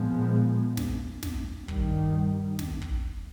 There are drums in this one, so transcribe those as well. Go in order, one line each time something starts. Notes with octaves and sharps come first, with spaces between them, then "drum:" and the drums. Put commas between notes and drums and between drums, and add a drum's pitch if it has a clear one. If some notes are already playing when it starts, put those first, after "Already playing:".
Already playing: A#2 F3 G#3 B3
drum: snare
drum: snare
G2 D#3 G3, drum: kick
drum: snare
drum: kick